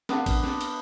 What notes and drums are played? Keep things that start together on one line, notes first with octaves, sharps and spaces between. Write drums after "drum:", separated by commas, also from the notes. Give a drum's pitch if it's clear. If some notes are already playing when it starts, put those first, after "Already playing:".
B3 D4 F5, drum: snare
drum: kick A1, cymbal
drum: snare
drum: cymbal